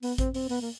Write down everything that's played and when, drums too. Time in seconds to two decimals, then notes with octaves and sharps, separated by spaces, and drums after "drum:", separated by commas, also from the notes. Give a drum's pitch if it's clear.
0.03 B3, drum: open hi-hat
0.18 C4, drum: kick A1, hi-hat
0.34 C4, drum: open hi-hat
0.49 B3, drum: open hi-hat
0.61 A#3